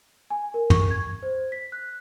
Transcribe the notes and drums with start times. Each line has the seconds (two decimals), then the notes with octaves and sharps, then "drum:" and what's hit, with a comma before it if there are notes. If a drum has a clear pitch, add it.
0.30 G#5
0.54 A#4
0.70 C#6, drum: tom
0.91 G#6
1.23 C5
1.52 B6
1.72 F#6